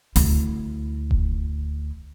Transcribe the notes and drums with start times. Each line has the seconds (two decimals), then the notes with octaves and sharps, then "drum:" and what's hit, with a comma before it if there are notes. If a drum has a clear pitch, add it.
0.16 D2 E4, drum: open hi-hat
1.11 drum: kick D#1